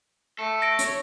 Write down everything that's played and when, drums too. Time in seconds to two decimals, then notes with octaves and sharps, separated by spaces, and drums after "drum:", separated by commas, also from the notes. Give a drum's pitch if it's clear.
0.39 A3 A4
0.62 A#6 D7
0.79 C#5, drum: hi-hat